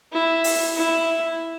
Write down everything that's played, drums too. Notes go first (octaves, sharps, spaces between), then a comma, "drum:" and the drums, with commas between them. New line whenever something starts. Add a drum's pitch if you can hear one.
E4
drum: open hi-hat
E4